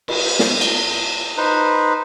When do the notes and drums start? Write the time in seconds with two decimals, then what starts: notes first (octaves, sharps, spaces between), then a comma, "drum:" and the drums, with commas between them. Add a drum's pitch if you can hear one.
0.08 drum: cymbal
0.39 drum: snare
0.61 drum: cymbal
1.37 D#4 B4 C5